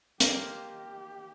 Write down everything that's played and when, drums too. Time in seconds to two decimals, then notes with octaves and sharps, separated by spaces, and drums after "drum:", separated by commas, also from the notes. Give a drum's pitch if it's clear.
0.20 A#3 F4 G4 C5 D#5, drum: hi-hat